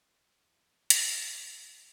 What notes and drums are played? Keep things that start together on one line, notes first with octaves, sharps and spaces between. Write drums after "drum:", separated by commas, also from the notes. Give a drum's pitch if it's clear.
F2 E3
drum: hi-hat